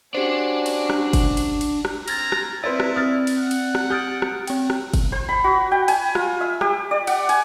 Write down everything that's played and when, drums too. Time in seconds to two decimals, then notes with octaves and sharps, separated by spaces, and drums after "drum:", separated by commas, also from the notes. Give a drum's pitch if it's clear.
0.15 C#4 D4 F#4 G4 C5 D5
0.66 drum: cymbal
0.90 drum: rim click
1.13 drum: kick, cymbal
1.37 drum: cymbal
1.61 drum: cymbal
1.85 drum: rim click
2.08 C4 A#5 F6 G#6 A6, drum: cymbal
2.32 drum: rim click
2.64 C4 E4 B4 C5 D5 A6
2.80 drum: rim click
2.95 C4 D#6 F6 A6
3.27 drum: cymbal
3.38 F#5
3.51 drum: cymbal
3.75 drum: rim click
3.90 G4 D#6 F6 G6 A6 D7
4.22 drum: rim click
4.47 C4 G5, drum: cymbal
4.70 drum: rim click
4.94 drum: kick, cymbal
5.12 C5
5.29 B5
5.44 F#4
5.71 G5
5.88 G#5, drum: cymbal
6.15 F4, drum: rim click
6.41 E5
6.61 G4, drum: rim click
6.91 D5
7.07 F#5, drum: cymbal
7.29 G#5, drum: cymbal